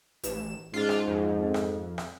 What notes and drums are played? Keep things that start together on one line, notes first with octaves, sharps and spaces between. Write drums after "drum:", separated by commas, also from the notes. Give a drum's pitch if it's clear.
A1 G4 B4 E7, drum: hi-hat
G#2 C#4 D4 F4 G#4
drum: rim click
F2
C4 A4
drum: rim click
drum: rim click